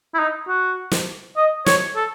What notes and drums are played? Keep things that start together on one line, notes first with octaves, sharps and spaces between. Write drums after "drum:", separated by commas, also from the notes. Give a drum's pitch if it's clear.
E4
D#4
F#4
drum: snare
D#5
C#5, drum: snare
A4